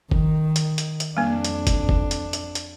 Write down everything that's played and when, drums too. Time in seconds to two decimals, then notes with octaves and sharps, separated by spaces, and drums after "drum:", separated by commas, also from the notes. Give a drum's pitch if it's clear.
0.11 D#3, drum: kick
0.56 drum: hi-hat
0.78 drum: hi-hat
1.00 drum: hi-hat
1.17 F2 G3 A#3 D4
1.45 drum: hi-hat
1.67 drum: kick, hi-hat
1.89 drum: kick
2.11 drum: hi-hat
2.33 drum: hi-hat
2.55 drum: hi-hat